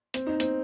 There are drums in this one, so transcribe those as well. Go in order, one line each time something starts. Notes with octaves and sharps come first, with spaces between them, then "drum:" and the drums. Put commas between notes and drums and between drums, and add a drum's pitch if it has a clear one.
C4, drum: hi-hat
D#4
C4, drum: hi-hat